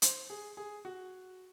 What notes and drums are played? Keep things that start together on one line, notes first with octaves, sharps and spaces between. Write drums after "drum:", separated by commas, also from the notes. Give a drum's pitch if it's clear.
C5, drum: hi-hat
G#4
G#4
F#4